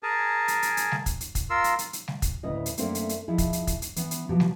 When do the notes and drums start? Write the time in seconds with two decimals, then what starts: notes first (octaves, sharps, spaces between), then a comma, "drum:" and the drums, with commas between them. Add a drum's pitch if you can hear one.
0.03 G#4 A#4 G#5 A5
0.48 drum: hi-hat
0.62 drum: hi-hat
0.77 drum: hi-hat
0.91 drum: snare
1.06 drum: kick, hi-hat
1.21 drum: hi-hat
1.35 drum: kick, hi-hat
1.50 F4 A#4 C6 E6
1.64 drum: hi-hat
1.79 drum: hi-hat
1.93 drum: hi-hat
2.08 drum: snare
2.22 drum: kick, hi-hat
2.43 D2 A2 C#3 C#4 B4 D#5
2.66 drum: hi-hat
2.77 F#2 A3 A#3 C4 D4 C5, drum: hi-hat
2.95 drum: hi-hat
3.09 drum: hi-hat
3.28 F3 D#4 E4 G#4
3.38 drum: kick, hi-hat
3.53 drum: hi-hat
3.67 drum: kick, hi-hat
3.82 drum: hi-hat
3.96 E3 B3, drum: hi-hat
4.11 drum: hi-hat
4.29 B2 F3 F#3 G4 A5
4.40 drum: snare